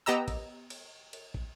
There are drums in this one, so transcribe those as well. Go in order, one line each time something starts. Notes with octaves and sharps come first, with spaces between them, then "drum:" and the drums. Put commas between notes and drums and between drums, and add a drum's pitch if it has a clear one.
B3 G4 D#5 A#5 E6
drum: kick, cymbal
drum: cymbal
drum: cymbal
drum: kick